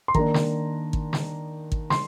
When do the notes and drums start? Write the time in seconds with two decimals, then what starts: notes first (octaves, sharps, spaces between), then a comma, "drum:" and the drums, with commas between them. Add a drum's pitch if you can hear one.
0.08 C6
0.14 D#3 A#3 D4 A#5, drum: kick
0.34 drum: snare
0.93 drum: kick
1.13 drum: snare
1.72 drum: kick
1.90 C6, drum: snare